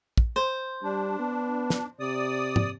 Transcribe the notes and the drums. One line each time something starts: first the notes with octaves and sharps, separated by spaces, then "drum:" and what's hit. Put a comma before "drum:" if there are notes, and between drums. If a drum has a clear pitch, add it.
drum: kick
C5
G3 D4
B3
drum: snare
C3 D5 D#6
drum: tom